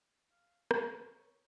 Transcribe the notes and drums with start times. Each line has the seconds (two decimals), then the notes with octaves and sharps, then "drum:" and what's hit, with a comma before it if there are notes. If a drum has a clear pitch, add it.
0.31 F5
0.71 C#6 E6, drum: rim click
1.16 B4 C#5